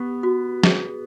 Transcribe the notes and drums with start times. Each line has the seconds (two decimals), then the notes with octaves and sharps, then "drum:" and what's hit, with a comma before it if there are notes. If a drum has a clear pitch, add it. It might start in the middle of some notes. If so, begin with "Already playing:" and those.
Already playing: B3 G4
0.23 F#4
0.64 G#4, drum: snare